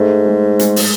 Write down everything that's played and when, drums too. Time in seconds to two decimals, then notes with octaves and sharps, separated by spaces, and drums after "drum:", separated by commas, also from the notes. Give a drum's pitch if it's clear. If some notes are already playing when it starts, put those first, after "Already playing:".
Already playing: G#2 A3
0.26 G#3
0.59 G#3, drum: hi-hat
0.76 drum: open hi-hat